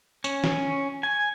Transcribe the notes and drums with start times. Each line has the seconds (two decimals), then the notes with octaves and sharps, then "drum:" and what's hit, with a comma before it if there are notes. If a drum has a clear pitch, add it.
0.24 C#4, drum: tambourine
0.44 drum: snare
1.03 G#5